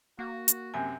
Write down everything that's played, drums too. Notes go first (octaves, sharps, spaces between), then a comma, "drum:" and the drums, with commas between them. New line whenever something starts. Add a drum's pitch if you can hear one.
A#3 F#4
drum: hi-hat
F#2 C3 G#5